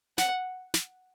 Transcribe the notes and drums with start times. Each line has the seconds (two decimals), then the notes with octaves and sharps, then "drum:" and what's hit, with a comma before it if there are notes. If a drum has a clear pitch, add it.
0.18 F#5, drum: snare
0.74 drum: snare